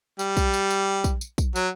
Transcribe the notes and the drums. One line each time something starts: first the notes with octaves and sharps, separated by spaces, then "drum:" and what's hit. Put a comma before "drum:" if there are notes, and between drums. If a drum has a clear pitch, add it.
G3, drum: tambourine
drum: kick, tambourine
drum: tambourine
drum: tambourine
drum: kick, tambourine
drum: tambourine
drum: kick, tambourine
F#3, drum: tambourine